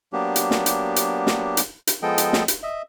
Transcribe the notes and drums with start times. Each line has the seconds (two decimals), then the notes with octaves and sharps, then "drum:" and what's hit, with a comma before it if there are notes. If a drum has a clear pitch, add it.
0.13 F#3 A#3 B3 D4 G4
0.36 drum: hi-hat
0.51 drum: snare
0.66 drum: hi-hat
0.96 drum: hi-hat
1.27 drum: snare
1.57 drum: hi-hat
1.87 drum: hi-hat
2.03 F3 G#3 B3 A4 D#5 G5
2.18 drum: hi-hat
2.33 drum: snare
2.48 drum: hi-hat
2.63 D#5 E5